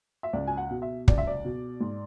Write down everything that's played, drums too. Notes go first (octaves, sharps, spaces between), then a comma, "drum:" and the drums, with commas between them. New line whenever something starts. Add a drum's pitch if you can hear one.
E5
C#2 D5
G#5
F#5
B2
E5
C#2 D5, drum: kick
E5
D5
B2
G#2